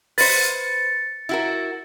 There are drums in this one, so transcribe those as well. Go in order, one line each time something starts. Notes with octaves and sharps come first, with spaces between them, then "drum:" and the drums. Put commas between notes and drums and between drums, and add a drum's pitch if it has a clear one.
B4 C5 A6 C#7, drum: open hi-hat
E4 F#4 A#4